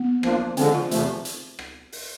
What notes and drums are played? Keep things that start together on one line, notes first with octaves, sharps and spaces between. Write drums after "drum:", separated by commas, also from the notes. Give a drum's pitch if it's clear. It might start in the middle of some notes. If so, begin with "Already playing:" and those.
Already playing: B3
F3 A#3 D4 F4, drum: rim click
D3 F3 G#3 C4, drum: hi-hat
F4
E2 C3 F3 A3, drum: hi-hat
drum: hi-hat
drum: rim click
drum: open hi-hat